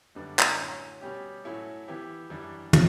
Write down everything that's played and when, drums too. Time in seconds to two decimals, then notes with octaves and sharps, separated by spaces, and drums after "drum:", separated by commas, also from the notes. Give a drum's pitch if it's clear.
0.15 F#2 D3 G3 B3 D4
0.39 drum: clap
0.59 A2 F#3 C#4
1.01 B2 G3 C#4 G4
1.44 A2 F#3 C#4 E4 A4
1.88 E3 B3 E4 G4
2.30 F#2 E3 G3 D4
2.73 C#4, drum: tom